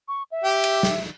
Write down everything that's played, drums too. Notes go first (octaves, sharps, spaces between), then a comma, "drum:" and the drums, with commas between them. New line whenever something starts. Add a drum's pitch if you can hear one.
C#6
E5
G4
drum: cymbal
drum: snare